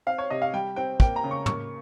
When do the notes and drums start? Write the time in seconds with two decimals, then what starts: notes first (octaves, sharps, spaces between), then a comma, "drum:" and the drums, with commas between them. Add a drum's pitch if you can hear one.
0.07 C4 F5
0.18 C#5
0.30 C3 D#5
0.42 F5
0.53 G3 G5
0.76 C4 G5
1.00 A#3 G5, drum: kick
1.16 A#5
1.24 C#3
1.31 C#6
1.46 A#3 C#6, drum: tom